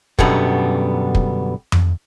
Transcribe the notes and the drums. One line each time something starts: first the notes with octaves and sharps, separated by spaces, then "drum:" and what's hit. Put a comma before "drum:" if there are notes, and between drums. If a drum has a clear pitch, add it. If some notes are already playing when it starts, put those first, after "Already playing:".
F#2 B2 D3 G3 B3, drum: kick
drum: kick
drum: tom F2